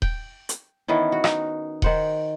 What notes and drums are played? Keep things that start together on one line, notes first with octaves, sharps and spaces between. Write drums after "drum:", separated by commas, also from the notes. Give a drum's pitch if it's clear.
G5, drum: kick D#1
drum: hi-hat
D#3 E3 B3 C#4
F#4
D#4, drum: rim click
D#3 C5 F#5, drum: kick D#1